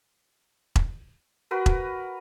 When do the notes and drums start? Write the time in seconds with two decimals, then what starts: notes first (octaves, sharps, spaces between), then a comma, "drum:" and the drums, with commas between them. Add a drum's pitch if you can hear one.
0.76 drum: kick E1
1.51 F#4 A#4 B4
1.66 drum: kick E1